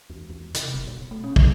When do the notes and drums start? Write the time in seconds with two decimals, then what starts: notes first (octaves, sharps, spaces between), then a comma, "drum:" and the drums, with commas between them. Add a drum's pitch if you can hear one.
0.10 E2
0.30 E2
0.54 C3, drum: hi-hat
0.74 F1
0.87 B2
1.11 A3
1.24 C#4
1.36 F2, drum: kick